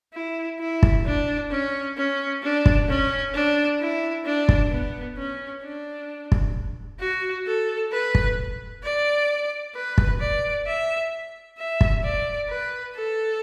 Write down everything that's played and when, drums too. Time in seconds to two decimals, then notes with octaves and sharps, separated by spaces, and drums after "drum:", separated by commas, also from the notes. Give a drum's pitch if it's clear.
0.14 E4
0.59 E4
0.83 drum: kick
1.06 D4
1.51 C#4
1.97 C#4
2.43 D4
2.66 drum: kick
2.88 C#4
3.34 D4
3.80 E4
4.25 D4
4.49 drum: kick
4.71 B3
5.17 C#4
5.63 D4
6.32 drum: kick
7.00 F#4
7.47 A4
7.92 B4
8.15 drum: kick
8.84 D5
9.75 B4
9.98 drum: kick
10.20 D5
10.66 E5
11.58 E5
11.81 drum: kick
12.03 D5
12.49 B4
12.95 A4